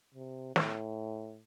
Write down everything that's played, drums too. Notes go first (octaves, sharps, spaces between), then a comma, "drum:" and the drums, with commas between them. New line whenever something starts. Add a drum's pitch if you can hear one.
C3
A2, drum: snare